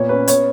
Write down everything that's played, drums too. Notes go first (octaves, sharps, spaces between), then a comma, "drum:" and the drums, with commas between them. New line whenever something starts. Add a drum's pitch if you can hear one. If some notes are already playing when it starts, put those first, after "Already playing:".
Already playing: A#2 B3 C#5
C#4 B4
B3 C#5, drum: hi-hat